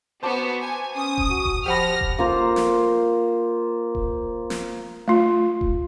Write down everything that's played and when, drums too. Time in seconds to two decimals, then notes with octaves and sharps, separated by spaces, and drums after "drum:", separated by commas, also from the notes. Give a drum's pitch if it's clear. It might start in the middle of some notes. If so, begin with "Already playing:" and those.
0.23 B3 F#4 C5 A5 D6
0.62 G#5
0.96 C#4 D#6
1.18 drum: kick D#1
1.30 F#4
1.45 drum: kick D#1
1.66 F3 G4 F#5 B5 F6 A#6
2.01 drum: kick D#1
2.19 A#3 F4 C5 A#5
2.56 drum: snare
3.95 drum: kick D#1
4.50 drum: snare
5.08 A3 F4
5.61 drum: kick D#1